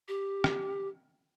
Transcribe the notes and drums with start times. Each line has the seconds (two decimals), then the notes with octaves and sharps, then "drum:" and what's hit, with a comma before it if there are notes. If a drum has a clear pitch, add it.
0.08 G4
0.44 drum: rim click